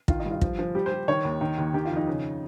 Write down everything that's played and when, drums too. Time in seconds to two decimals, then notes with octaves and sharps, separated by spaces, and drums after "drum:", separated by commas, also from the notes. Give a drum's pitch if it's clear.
0.08 D#3 F4, drum: kick
0.20 D#4
0.25 G2
0.31 F4
0.41 F3, drum: kick
0.59 F3
0.75 G3 G4
0.86 C5
0.92 G3
1.08 D#3 C#5
1.25 D#2
1.41 D#3
1.58 D#2
1.74 D#3 G4
1.85 F4
1.91 F2
1.96 D#4
2.08 C#3